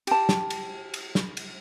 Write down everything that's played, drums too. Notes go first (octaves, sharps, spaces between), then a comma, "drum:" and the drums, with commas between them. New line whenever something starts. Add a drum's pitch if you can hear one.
G4 A5, drum: cymbal
drum: snare
drum: cymbal
drum: cymbal
drum: snare
drum: cymbal